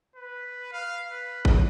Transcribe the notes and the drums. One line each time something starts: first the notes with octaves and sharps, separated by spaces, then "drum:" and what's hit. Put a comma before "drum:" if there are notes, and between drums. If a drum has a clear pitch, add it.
B4
F5
B4
drum: kick G1